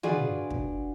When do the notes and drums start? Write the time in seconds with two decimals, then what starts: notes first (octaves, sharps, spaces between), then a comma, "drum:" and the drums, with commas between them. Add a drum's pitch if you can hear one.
0.03 D4 F4 F#4 G#4 B4 D5, drum: tom
0.51 drum: kick